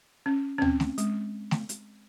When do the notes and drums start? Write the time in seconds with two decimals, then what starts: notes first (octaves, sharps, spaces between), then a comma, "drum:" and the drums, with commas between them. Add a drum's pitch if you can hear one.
0.26 C#4
0.58 C#4
0.62 C4, drum: tom D2
0.80 drum: snare A3
0.98 G#3, drum: hi-hat
1.51 drum: snare A3
1.69 drum: hi-hat